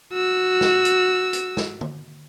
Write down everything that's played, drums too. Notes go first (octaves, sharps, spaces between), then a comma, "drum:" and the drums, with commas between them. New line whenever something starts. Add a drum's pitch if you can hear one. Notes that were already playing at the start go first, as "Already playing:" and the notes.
F#4 E6
drum: snare
drum: hi-hat
drum: hi-hat
drum: snare
drum: tom